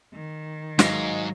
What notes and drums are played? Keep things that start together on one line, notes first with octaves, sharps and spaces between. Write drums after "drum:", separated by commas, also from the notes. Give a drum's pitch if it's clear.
D#3
G#2 F#3 D#5 F5, drum: snare